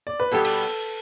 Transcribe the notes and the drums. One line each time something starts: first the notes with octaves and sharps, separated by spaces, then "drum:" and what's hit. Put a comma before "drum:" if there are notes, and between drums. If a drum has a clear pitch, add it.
D5
B4
B2 G3 B3 G4 A4
drum: cymbal